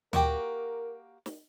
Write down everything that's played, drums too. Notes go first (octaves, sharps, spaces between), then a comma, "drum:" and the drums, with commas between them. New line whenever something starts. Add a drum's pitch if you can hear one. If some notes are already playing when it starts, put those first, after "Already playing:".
A#3 F#4 G4 A#4, drum: tom D2
drum: snare